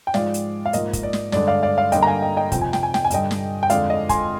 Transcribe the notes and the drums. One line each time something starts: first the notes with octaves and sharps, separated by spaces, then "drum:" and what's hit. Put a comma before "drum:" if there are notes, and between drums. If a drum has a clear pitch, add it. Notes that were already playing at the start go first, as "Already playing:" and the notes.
G5
G#2 F3 G#3 D5 F5, drum: snare
drum: hi-hat
F5
G#2 F3 A#3 D#5, drum: hi-hat
drum: kick, hi-hat
D5
drum: snare
G2 D3 G#3 D5, drum: snare
D5 F5
D5 F5
D5 F5
G2 D3 G3 A#3 D#5 G5, drum: hi-hat
A#5
F5 G#5
D#5 G5
D#5 G5
F2 C3 F3 G5, drum: kick, hi-hat
G#5
G5, drum: snare
G#5
G5, drum: snare
G#5
G2 D3 G3 D#5 G5, drum: hi-hat
drum: snare
G5
F2 D3 G#3 D5 F5, drum: hi-hat
D#5
G#5 C6, drum: kick, hi-hat